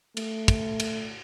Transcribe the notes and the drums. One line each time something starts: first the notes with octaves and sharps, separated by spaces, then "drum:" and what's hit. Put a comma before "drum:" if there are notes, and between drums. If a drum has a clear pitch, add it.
A3, drum: cymbal
drum: kick, cymbal
drum: cymbal